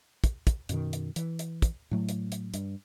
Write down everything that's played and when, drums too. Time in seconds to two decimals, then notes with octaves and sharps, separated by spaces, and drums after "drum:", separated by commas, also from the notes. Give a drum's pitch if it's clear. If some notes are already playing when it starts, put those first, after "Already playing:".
0.24 drum: kick, hi-hat
0.47 drum: kick, hi-hat
0.69 F#2 B2 D#3, drum: hi-hat
0.93 drum: hi-hat
1.16 E3, drum: hi-hat
1.39 drum: hi-hat
1.62 drum: kick, hi-hat
1.91 A2 F#3 A3
2.09 drum: hi-hat
2.32 drum: hi-hat
2.54 G2, drum: hi-hat